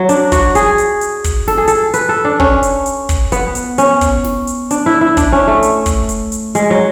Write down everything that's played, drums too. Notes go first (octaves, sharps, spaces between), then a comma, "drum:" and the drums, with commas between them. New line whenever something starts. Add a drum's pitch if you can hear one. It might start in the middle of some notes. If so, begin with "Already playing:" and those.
Already playing: F#3
D4, drum: hi-hat
F#4, drum: kick, hi-hat
G#4, drum: hi-hat
drum: hi-hat
drum: hi-hat
drum: kick, hi-hat
A4, drum: snare
G#4
A4, drum: hi-hat
B4, drum: hi-hat
A4
D4
C#4, drum: kick
drum: hi-hat
drum: hi-hat
drum: kick, hi-hat
B3, drum: hi-hat
drum: hi-hat
C#4, drum: hi-hat
drum: kick, hi-hat
drum: snare
drum: hi-hat
D4, drum: hi-hat
E4
E4
D4, drum: kick, hi-hat
C#4
A3
drum: hi-hat
drum: kick, hi-hat
drum: hi-hat
drum: hi-hat
G#3, drum: hi-hat
F#3